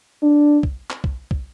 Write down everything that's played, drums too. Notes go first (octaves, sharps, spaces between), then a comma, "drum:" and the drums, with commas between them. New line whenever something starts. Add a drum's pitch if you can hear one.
D4
drum: kick
drum: clap
drum: kick
drum: kick